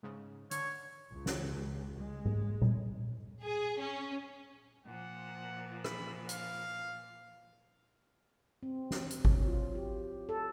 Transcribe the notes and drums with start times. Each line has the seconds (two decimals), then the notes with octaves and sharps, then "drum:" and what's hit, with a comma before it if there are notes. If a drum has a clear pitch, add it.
0.03 G#2 C#3
0.51 D3 C#5, drum: hi-hat
1.13 C#2
1.26 drum: snare
2.00 G#3
2.25 drum: tom
2.62 drum: tom A#2
3.43 G#4
3.80 C#4
4.86 A#2 F3 F#5
5.84 B5, drum: rim click
6.29 F5, drum: hi-hat
8.63 C4
8.91 drum: snare
9.10 drum: hi-hat
9.25 F#3, drum: kick G#1
9.47 F4
9.75 G4
10.29 A4